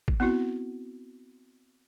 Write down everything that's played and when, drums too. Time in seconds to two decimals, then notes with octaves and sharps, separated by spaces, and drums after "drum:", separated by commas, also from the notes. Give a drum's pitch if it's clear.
0.08 drum: kick G#1
0.20 B3 C4 E4 F#4